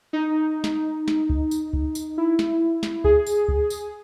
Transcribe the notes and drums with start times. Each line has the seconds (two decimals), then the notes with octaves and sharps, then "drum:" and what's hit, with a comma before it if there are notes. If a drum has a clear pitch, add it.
0.13 D#4
0.64 drum: snare
1.08 drum: snare
1.30 drum: kick C#2
1.51 drum: tambourine
1.73 drum: kick C#2
1.95 drum: tambourine
2.18 E4
2.39 drum: snare
2.83 drum: snare
3.04 G#4, drum: kick C#2
3.27 drum: tambourine
3.48 drum: kick C#2
3.70 drum: tambourine